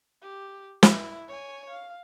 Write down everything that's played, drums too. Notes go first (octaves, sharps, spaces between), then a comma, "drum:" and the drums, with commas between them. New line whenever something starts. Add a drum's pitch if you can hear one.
G4
E4, drum: snare
C#5 G#5
F5